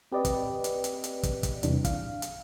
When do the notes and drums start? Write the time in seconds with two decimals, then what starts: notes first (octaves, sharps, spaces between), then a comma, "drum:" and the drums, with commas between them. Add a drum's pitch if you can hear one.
0.12 C4 G4 B4 D5 D#5
0.25 drum: kick, hi-hat
0.64 drum: hi-hat
0.84 drum: hi-hat
1.04 drum: hi-hat
1.23 drum: kick, hi-hat
1.43 drum: kick, hi-hat
1.63 E2 C3 E3 G3 D4, drum: hi-hat
1.85 F5, drum: kick, hi-hat
2.22 drum: hi-hat